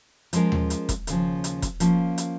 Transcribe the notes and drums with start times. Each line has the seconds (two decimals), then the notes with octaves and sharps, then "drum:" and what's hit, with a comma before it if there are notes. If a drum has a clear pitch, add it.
0.33 F3 G#3 C#4 A#4, drum: hi-hat
0.52 drum: tom D#2
0.70 drum: hi-hat
0.89 drum: kick E1, hi-hat
1.07 D#2 C#3 F3, drum: hi-hat
1.44 drum: hi-hat
1.62 drum: kick E1, hi-hat
1.80 F3 A#3 C#4 F4, drum: hi-hat
2.18 drum: hi-hat